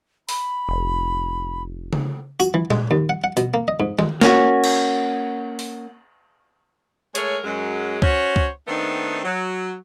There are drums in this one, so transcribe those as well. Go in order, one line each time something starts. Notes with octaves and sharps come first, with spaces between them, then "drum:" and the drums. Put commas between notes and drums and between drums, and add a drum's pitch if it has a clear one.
B5, drum: open hi-hat
F1
drum: tom C#3
F#4, drum: tambourine
E3
G#3, drum: tom A#2
D#2
F#5
F#5
B2, drum: hi-hat
A#3
D#5
G#2
G#3, drum: tom D#3
A#3 C#4 F#4, drum: snare
drum: cymbal
drum: open hi-hat
G#3 A3 G#4 A#4 C#5, drum: hi-hat
F#2 F#3 G#3
C#4 F#4 C5 C#5, drum: kick C#2
drum: kick C#2
D#3 A3 B3 C4 D4 D#4
F#3